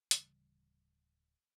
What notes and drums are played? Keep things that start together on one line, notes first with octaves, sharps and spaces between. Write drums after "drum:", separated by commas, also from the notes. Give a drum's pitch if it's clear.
D1 C#3 E3 G3, drum: hi-hat